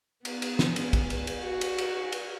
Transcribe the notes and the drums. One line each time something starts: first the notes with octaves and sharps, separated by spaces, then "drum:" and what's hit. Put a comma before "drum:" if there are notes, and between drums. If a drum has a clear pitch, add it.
B3, drum: cymbal
drum: cymbal
drum: snare
drum: cymbal
drum: kick, cymbal
drum: cymbal
drum: cymbal
F#4
drum: cymbal
drum: cymbal
drum: cymbal